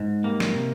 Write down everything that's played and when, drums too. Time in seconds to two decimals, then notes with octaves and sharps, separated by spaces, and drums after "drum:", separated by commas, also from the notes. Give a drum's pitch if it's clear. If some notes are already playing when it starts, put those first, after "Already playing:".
Already playing: G#2
0.24 G3 A#3
0.40 drum: snare
0.55 C3